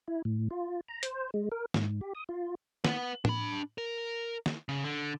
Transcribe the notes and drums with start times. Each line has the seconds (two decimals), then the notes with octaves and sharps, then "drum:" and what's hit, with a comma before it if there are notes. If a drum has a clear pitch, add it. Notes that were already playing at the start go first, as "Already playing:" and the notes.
0.08 E4
0.25 A2
0.51 F4
0.89 A#5
1.03 C5, drum: hi-hat
1.34 G#3
1.52 A#4
1.74 G#2, drum: snare
2.01 G4
2.15 D#6
2.29 F4
2.85 B4 F#5, drum: snare
3.25 D4 B5, drum: tom A2
3.78 A#4
4.46 drum: snare
4.69 C#3
4.84 D3